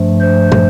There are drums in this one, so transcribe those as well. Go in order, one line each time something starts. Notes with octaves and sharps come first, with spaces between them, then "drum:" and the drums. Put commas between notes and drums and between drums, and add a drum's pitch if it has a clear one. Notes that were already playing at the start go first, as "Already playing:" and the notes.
Already playing: G2 F3 A3
C5
drum: tom